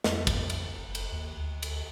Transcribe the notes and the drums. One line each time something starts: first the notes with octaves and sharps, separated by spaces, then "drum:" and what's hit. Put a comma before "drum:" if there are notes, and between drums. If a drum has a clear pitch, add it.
F2, drum: snare
drum: kick, cymbal
drum: cymbal
F#1
drum: cymbal
D#2
D2
drum: cymbal